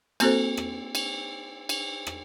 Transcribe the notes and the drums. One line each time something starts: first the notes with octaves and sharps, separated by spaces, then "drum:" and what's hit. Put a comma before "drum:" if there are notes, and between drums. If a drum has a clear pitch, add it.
A#3 C4 F#4 A4 C5, drum: cymbal
drum: rim click
drum: cymbal
drum: cymbal
drum: rim click